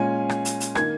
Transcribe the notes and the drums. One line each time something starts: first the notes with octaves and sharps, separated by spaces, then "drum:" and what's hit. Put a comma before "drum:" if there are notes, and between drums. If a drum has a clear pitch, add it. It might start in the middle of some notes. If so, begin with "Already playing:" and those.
Already playing: A#2 G#3 C#4 G#5
drum: rim click
drum: hi-hat
drum: hi-hat
D#3 A#3 G#6, drum: rim click